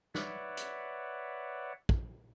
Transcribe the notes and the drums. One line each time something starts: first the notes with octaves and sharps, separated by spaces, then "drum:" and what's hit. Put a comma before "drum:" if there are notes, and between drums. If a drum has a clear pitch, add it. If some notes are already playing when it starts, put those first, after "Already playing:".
B4 C#5 D5 E5 F#5, drum: snare
drum: hi-hat
drum: kick